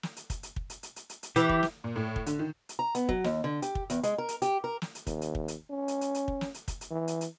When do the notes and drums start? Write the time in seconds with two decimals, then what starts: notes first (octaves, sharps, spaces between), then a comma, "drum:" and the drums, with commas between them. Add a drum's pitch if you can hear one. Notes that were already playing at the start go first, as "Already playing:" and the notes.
0.03 drum: snare
0.16 drum: hi-hat
0.30 drum: kick, hi-hat
0.43 drum: hi-hat
0.56 drum: kick
0.70 drum: hi-hat
0.83 drum: hi-hat
0.96 drum: hi-hat
1.10 drum: hi-hat
1.23 drum: hi-hat
1.36 E3 G4, drum: hi-hat
1.49 drum: kick
1.63 drum: snare
1.84 A#2
1.96 A2
2.16 drum: kick
2.26 D3, drum: hi-hat
2.39 D#3
2.69 drum: hi-hat
2.79 A#5
2.95 B3, drum: hi-hat
3.09 F#3, drum: kick
3.24 D#2, drum: snare
3.44 D3
3.62 G4, drum: hi-hat
3.75 drum: kick
3.90 E2, drum: hi-hat
4.03 G#3, drum: hi-hat
4.18 A#4
4.28 drum: hi-hat
4.42 G4, drum: hi-hat
4.64 A#4
4.82 drum: snare
4.95 drum: hi-hat
5.07 D#2, drum: kick, hi-hat
5.22 drum: hi-hat
5.35 drum: kick
5.48 drum: hi-hat
5.70 C#4
5.88 drum: hi-hat
6.01 drum: hi-hat
6.15 drum: hi-hat
6.28 drum: kick
6.41 drum: snare
6.54 drum: hi-hat
6.68 drum: kick, hi-hat
6.81 drum: hi-hat
6.91 E3
7.08 drum: hi-hat
7.21 drum: hi-hat